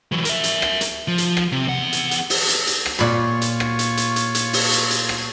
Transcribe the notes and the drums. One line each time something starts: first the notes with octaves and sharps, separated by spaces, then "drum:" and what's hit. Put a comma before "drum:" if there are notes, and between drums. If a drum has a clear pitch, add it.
E3 F#3
A#4 E5, drum: hi-hat
drum: hi-hat
drum: rim click
drum: hi-hat
F3
drum: hi-hat
drum: rim click
C3
E2 F#5
drum: hi-hat
drum: hi-hat
drum: open hi-hat
drum: hi-hat
drum: hi-hat
drum: rim click
A#2 F4 C#5 B5 C#6
drum: hi-hat
drum: rim click
drum: hi-hat
drum: hi-hat
drum: hi-hat
drum: hi-hat
drum: open hi-hat
drum: hi-hat
drum: hi-hat
drum: rim click